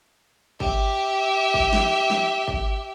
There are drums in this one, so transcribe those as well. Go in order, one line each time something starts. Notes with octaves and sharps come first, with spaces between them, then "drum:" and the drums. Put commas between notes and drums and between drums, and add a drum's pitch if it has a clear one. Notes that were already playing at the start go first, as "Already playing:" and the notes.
G4 E5, drum: kick G#1
drum: kick G#1
drum: snare
drum: snare
drum: kick G#1